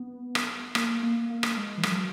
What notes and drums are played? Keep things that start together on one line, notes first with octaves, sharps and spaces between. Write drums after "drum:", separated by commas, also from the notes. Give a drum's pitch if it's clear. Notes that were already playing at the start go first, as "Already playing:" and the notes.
Already playing: B3
drum: rim click
A#3, drum: rim click
A#3
A#3
drum: rim click
G#3
E3
F#3, drum: rim click